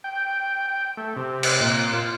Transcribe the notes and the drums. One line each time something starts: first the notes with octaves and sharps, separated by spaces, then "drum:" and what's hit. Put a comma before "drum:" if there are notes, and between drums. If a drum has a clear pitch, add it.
G5
G5
A3
C3
drum: cymbal
A#2
F4